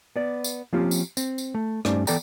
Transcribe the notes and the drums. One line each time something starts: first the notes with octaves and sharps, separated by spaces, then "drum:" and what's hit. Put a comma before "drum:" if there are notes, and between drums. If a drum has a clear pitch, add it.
B3 D5
drum: tambourine
F3 A#3 C4 C#4 F4 G4
drum: tambourine
C4, drum: tambourine
drum: tambourine
A3
G2 A3 C#4 D#4 C5 D5, drum: rim click
E3 B3 A4 D5 G5 A#5, drum: tambourine